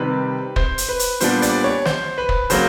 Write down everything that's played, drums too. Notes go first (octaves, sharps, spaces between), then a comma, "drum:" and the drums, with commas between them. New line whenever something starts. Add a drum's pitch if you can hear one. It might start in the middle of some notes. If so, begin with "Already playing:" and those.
Already playing: C3 D#3 G3 C4 B4
C5, drum: kick
drum: hi-hat
B4
drum: hi-hat
A#2 G3 B3 D4 C5, drum: hi-hat
D5, drum: hi-hat
C#5
C5, drum: snare
B4
drum: kick
C#3 F#3 A#3 C5, drum: hi-hat